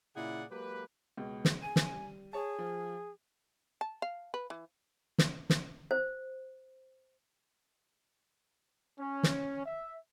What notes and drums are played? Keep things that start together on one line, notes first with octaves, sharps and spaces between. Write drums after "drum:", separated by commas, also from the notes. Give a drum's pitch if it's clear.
A#2 C#3 E4 G#4 D5 F#5
F#3 G#3 A#3 G4 B4
C#2 B2
drum: snare
G#4 G#5 D#7
drum: snare
G3
G#4 C#5 A5
F3
A5
F5
B4
E3
drum: snare
drum: snare
C5
C#4
drum: snare
E5